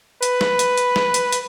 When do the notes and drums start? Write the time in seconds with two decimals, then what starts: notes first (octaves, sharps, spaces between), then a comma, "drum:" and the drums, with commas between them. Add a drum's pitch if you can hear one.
0.23 B4, drum: hi-hat
0.41 drum: snare
0.59 drum: hi-hat
0.77 drum: hi-hat
0.96 drum: snare
1.14 drum: hi-hat
1.32 drum: hi-hat